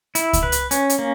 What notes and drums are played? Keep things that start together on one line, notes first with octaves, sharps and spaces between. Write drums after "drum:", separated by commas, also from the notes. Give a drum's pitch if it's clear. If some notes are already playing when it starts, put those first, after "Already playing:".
E4, drum: hi-hat
drum: kick C#2, hi-hat
B4
drum: hi-hat
C#4, drum: hi-hat
drum: hi-hat
A#3